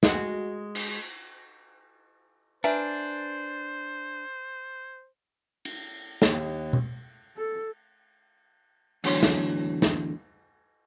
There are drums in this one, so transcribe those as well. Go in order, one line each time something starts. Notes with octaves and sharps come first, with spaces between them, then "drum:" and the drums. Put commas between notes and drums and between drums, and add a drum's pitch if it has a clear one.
G#3 F#4, drum: snare
drum: cymbal
D4 B4 C5 E5 G#5 A#5, drum: hi-hat
drum: cymbal
D#2, drum: snare
drum: tom B2
A4
E2 A2 D3 F#3 C#5 C6, drum: cymbal
drum: snare
drum: snare